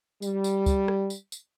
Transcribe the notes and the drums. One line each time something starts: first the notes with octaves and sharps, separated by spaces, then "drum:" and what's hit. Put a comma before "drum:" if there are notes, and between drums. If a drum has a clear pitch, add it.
G3, drum: tambourine
drum: tambourine
drum: kick C#2, tambourine
drum: rim click
drum: tambourine
drum: tambourine